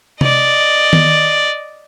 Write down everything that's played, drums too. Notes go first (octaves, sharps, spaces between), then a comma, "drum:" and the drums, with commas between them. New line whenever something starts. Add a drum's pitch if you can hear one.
D5 D#5, drum: tom C3
drum: tom D#3